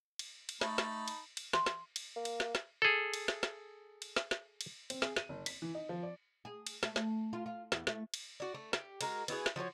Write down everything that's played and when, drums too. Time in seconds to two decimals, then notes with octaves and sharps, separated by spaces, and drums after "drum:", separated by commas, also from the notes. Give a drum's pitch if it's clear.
0.19 drum: cymbal
0.49 drum: cymbal
0.61 A3 D#4 A5 B5, drum: snare
0.78 drum: snare
1.08 drum: cymbal
1.37 drum: cymbal
1.53 C6, drum: snare
1.66 drum: snare
1.96 drum: cymbal
2.16 A#3
2.25 drum: cymbal
2.40 drum: snare
2.55 drum: snare
2.82 G#4 A4
3.14 drum: cymbal
3.28 drum: snare
3.43 drum: snare
4.02 drum: cymbal
4.16 drum: snare
4.31 drum: snare
4.61 drum: cymbal
4.90 C4, drum: cymbal
5.02 G#4, drum: snare
5.16 D#7, drum: snare
5.29 F#1
5.46 B6, drum: cymbal
5.62 E3
5.75 D#4
5.89 F3
6.03 D5
6.45 G#4
6.67 drum: cymbal
6.83 A3, drum: snare
6.96 drum: snare
7.33 F4
7.46 F4
7.72 E2, drum: snare
7.87 A3, drum: snare
8.14 drum: cymbal
8.40 F#4 D5
8.54 A3
8.73 G4, drum: snare
9.01 G#3 F#4 A#4, drum: cymbal
9.28 B3 E4 F#4 G#4, drum: cymbal
9.46 drum: snare
9.56 F3 F#4 G#4 C#5